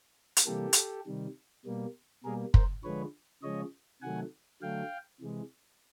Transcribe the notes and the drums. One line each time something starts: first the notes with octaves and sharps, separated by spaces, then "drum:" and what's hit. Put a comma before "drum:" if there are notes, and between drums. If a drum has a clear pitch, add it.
drum: hi-hat
C3 E3 G3 A#3 G4 A4
drum: hi-hat
C3 D#3 G3
B2 G3 A#3
B2 G3 A#3 G#4 A#4
A#4 C5, drum: kick
D3 F3 G#3 B4 C#5
C#3 F3 G#3 C#5 D#5
C3 D#3 F#3 A3 F#5 G#5
D3 F#3 A3 F5 G5
C3 E3 G#3